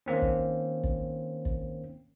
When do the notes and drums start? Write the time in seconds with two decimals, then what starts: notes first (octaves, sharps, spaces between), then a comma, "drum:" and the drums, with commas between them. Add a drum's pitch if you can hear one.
0.06 D#3 A#3 C4 C#4
0.22 drum: kick
0.83 drum: kick
1.45 drum: kick